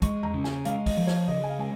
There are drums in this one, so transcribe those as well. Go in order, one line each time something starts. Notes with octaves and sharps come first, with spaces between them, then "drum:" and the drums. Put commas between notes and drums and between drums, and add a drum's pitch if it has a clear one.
G#3 C#6, drum: kick, hi-hat
A#5, drum: tom E2
C#3
G#5, drum: snare
G#3 F5, drum: hi-hat
D#5, drum: kick, open hi-hat
F3
C#5, drum: snare
C#3 D#5
G#5
F5
G#3 G#5